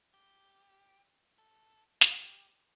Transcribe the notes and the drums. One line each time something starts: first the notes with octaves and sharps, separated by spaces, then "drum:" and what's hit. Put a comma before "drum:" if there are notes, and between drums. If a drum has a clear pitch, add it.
G4
A4
G4, drum: snare